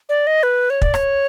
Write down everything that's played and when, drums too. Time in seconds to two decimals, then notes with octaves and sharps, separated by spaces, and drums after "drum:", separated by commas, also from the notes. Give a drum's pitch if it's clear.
0.09 D5
0.27 D#5
0.43 B4
0.70 C#5
0.82 D5, drum: kick
0.94 C#5, drum: rim click